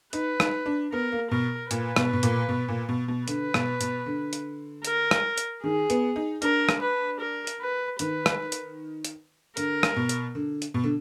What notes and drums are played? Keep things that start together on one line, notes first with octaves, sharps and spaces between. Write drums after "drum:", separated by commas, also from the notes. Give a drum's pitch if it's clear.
D#4 B4, drum: hi-hat
D#4, drum: rim click
D4
B3 A#4
A#3
B2 A#4
A#2 B4, drum: hi-hat
B2, drum: rim click
B2
A#2, drum: hi-hat
B2
A#2
B2
B2
D3 B4, drum: hi-hat
B2, drum: rim click
B2, drum: hi-hat
D3
drum: hi-hat
A#4, drum: hi-hat
drum: rim click
drum: hi-hat
D#3 G#4
B3, drum: hi-hat
D#4
D4 A#4, drum: hi-hat
drum: rim click
B4
A#4
drum: hi-hat
B4
D#3 B4, drum: hi-hat
drum: rim click
drum: hi-hat
drum: hi-hat
D3 A#4, drum: hi-hat
drum: rim click
B2
drum: hi-hat
D3
drum: hi-hat
B2
D3